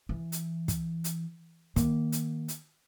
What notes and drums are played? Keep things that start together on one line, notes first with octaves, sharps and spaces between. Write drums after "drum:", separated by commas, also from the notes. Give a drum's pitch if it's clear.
E3
drum: hi-hat
drum: kick, hi-hat
drum: hi-hat
D#3 A#3, drum: kick, hi-hat
drum: hi-hat
drum: hi-hat